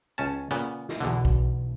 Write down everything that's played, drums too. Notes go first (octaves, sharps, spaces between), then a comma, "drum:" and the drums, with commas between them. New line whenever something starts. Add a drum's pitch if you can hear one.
C#2 C#4 A5
A#2 C#3 B3
drum: snare
B1 E2 B2 D3
drum: kick B1